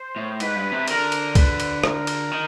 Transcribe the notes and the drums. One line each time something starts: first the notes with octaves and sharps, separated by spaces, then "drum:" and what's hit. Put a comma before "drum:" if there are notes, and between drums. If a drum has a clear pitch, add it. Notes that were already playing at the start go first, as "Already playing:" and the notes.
Already playing: C5
A2
G#2 B4, drum: cymbal
G2
C3
D3 A#4, drum: cymbal
drum: cymbal
B4, drum: kick C2, cymbal
drum: cymbal
A#4, drum: rim click
drum: cymbal
D#3